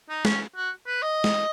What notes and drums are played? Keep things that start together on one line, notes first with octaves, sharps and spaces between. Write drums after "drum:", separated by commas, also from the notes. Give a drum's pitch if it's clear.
D#4
C#4, drum: snare
F#4
B4
D#5
drum: snare